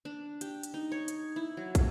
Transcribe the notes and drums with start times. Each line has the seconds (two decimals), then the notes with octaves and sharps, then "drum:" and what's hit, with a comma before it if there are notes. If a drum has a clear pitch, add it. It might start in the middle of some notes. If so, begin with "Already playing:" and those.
0.05 D4
0.41 G4, drum: hi-hat
0.63 drum: hi-hat
0.74 D#4
0.92 C#5
1.08 drum: hi-hat
1.36 E4
1.57 F#3
1.75 drum: kick, hi-hat